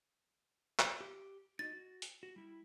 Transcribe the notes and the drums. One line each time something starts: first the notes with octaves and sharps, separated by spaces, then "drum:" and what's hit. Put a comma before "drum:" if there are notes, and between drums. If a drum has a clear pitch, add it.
drum: clap
G4
D#4 F#4 D#5 A6
F#4
drum: hi-hat
F#4
G3 E4